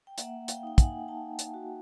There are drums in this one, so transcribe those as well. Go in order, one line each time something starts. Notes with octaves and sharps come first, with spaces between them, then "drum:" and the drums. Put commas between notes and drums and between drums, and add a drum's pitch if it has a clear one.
G5
A#3 E5 F#5, drum: hi-hat
F5 G5, drum: hi-hat
D#4 G5
F#5 G#5, drum: kick, hi-hat
D#4 G5 A5
drum: hi-hat
F#4